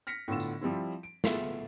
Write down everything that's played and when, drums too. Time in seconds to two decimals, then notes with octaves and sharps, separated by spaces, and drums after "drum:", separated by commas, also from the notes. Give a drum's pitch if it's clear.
0.07 F6 A#6 B6 C#7
0.28 A2 D3 B3 F4 E6 E7
0.40 drum: tambourine
0.61 F3 G3 C4 E4
1.03 D7
1.24 A3 B3 F4 G#4 E5, drum: snare